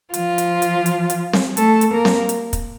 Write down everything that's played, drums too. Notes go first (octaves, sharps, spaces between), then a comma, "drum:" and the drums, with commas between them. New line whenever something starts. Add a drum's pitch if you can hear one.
F3 F4, drum: hi-hat
drum: hi-hat
drum: hi-hat
drum: hi-hat
drum: hi-hat
drum: snare C4
A3 A4, drum: hi-hat
drum: hi-hat
A#3 A#4
drum: snare C4
drum: hi-hat
drum: kick, hi-hat